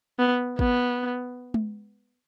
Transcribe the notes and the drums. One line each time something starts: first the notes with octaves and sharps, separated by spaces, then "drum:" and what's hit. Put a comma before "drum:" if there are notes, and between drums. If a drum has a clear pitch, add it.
B3
B3, drum: kick
drum: tom G#3